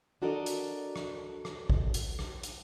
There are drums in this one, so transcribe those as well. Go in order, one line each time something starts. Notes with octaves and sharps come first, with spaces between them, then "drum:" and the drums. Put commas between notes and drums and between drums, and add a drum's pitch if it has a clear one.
D4 F#4 A4 A#4 D5 D#5
drum: hi-hat
drum: rim click
drum: rim click
drum: kick G#1
drum: hi-hat
drum: rim click
drum: hi-hat